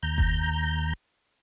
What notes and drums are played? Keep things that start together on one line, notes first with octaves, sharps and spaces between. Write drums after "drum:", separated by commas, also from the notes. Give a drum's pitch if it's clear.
D#2 A#5 G6
drum: kick F#1